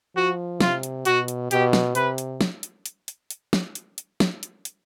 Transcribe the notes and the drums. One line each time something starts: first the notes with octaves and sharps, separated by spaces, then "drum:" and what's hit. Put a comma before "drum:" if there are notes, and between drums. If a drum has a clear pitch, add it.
F3 F#4
C3 F4, drum: snare
drum: hi-hat
B2 F#4, drum: hi-hat
drum: hi-hat
B2 G4, drum: hi-hat
drum: snare
C3 B4, drum: hi-hat
drum: hi-hat
drum: snare
drum: hi-hat
drum: hi-hat
drum: hi-hat
drum: hi-hat
drum: snare
drum: hi-hat
drum: hi-hat
drum: snare
drum: hi-hat
drum: hi-hat